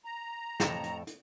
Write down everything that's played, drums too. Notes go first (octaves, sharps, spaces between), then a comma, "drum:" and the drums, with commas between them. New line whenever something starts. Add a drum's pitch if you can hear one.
A#5
F2 A2 A4, drum: snare
drum: hi-hat
drum: hi-hat